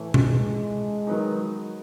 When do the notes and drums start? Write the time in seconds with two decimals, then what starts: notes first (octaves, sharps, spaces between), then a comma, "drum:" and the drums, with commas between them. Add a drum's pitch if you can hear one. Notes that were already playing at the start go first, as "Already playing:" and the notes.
Already playing: A2 E3 A3
0.14 G#3, drum: tom B2
1.07 D#3 F#3 B3 D#4